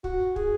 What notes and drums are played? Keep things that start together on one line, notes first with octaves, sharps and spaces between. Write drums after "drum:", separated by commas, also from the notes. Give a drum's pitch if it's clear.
F#4, drum: kick
G#4, drum: kick